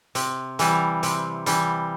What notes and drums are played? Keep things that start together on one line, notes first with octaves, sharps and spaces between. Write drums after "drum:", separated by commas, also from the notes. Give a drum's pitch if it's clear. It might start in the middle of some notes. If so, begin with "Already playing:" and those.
C3, drum: hi-hat
E3 G3, drum: hi-hat
C3, drum: hi-hat
E3 G3, drum: hi-hat